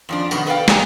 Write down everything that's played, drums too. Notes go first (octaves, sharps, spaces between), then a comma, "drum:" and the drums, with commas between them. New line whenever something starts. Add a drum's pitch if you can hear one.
F2 F3 D4
B2 D#3 F#3 A3 B3, drum: tambourine
A4 B4 D5 D#5 F5 G5
G4 G#4 G#5 A#5, drum: snare